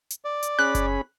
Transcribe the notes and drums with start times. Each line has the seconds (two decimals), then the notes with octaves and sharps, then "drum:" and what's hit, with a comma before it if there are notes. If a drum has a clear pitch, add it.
0.10 drum: hi-hat
0.24 D5
0.43 drum: hi-hat
0.59 C#4 G#4 B5 F#6
0.75 drum: kick F#1, hi-hat